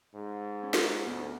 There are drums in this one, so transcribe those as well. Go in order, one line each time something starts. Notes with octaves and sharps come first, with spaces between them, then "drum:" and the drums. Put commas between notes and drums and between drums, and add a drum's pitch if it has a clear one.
G#2
C#4
drum: snare
D2 B3